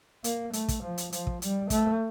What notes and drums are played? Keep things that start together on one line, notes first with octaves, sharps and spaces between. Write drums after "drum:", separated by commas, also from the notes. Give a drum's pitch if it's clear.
A#3, drum: hi-hat
A3, drum: hi-hat
drum: kick, hi-hat
F3
drum: hi-hat
F3, drum: hi-hat
drum: kick
G3, drum: hi-hat
A3, drum: kick, hi-hat